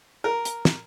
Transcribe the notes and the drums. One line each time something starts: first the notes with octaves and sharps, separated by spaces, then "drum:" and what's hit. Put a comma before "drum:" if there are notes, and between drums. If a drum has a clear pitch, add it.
A#4
drum: hi-hat
drum: snare